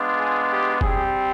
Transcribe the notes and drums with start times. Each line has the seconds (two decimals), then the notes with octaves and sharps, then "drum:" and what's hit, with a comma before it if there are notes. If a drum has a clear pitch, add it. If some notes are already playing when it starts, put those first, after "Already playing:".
Already playing: G#3 B3 D4 F4
0.19 G#4
0.51 G4
0.81 G3 C4 G4 G#4, drum: kick